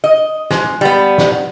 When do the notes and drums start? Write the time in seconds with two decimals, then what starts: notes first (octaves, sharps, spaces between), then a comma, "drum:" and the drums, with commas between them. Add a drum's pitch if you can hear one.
0.04 D#5
0.51 G#3, drum: snare
0.81 G3 B3
1.18 drum: snare